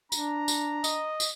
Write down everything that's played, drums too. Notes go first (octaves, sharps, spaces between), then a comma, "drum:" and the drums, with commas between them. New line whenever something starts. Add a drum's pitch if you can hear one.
D4 A#5, drum: tambourine
drum: tambourine
D#5, drum: tambourine
drum: tambourine